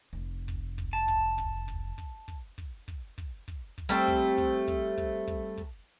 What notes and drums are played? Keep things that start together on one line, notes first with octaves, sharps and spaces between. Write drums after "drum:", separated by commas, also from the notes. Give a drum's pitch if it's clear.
F1
drum: kick, hi-hat
drum: kick, open hi-hat
A5
drum: kick, hi-hat
drum: kick, open hi-hat
drum: kick, hi-hat
drum: kick, open hi-hat
drum: kick, hi-hat
drum: kick, open hi-hat
drum: kick, hi-hat
drum: kick, open hi-hat
drum: kick, hi-hat
drum: kick, open hi-hat
G3 A3 C4
drum: kick
drum: kick, open hi-hat
drum: kick, hi-hat
drum: kick, open hi-hat
drum: kick, hi-hat
drum: kick, open hi-hat